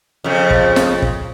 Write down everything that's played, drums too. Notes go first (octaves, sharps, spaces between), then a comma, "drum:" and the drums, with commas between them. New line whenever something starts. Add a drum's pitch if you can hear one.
F2 C#3
drum: kick
drum: snare
drum: kick